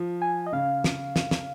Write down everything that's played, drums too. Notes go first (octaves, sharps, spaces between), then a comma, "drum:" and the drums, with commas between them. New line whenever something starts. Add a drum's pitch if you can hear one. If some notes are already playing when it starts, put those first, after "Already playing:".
Already playing: F3
G#5
D#5
C#3 F5
drum: snare
drum: snare
drum: snare